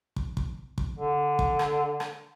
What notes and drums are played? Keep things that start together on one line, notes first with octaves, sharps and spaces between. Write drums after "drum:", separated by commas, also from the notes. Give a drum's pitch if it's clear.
drum: kick
drum: kick
drum: kick
D3
drum: kick
drum: rim click
drum: rim click